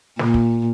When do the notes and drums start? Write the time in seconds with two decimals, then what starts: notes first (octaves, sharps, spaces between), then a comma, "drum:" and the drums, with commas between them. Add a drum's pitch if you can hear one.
0.19 A#2, drum: snare
0.34 drum: kick